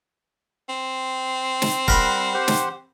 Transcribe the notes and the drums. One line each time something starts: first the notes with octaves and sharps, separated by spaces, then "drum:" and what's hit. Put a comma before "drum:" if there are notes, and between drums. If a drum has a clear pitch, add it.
C4
drum: snare
G3 A#4 F#5 B5 C6 F#6, drum: kick
G4 C5 F#5
drum: snare